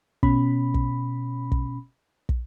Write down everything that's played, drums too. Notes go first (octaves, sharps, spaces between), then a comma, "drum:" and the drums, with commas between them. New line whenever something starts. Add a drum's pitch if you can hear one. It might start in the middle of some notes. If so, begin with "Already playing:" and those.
B2 C#4 B5, drum: kick
drum: kick
drum: kick
drum: kick